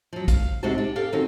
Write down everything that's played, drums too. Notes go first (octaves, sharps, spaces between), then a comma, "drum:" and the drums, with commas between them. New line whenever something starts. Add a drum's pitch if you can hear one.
F3 F#3
F5, drum: kick, hi-hat
G#2 C3 G#3 F#4 C5 A5
D4
G4 A4 F5
D3 D#3 C4 C#4 F#4 A4